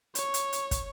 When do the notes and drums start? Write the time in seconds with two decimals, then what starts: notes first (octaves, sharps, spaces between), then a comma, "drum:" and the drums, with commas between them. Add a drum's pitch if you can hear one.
0.15 C#5, drum: hi-hat
0.34 drum: hi-hat
0.53 drum: hi-hat
0.71 drum: kick, hi-hat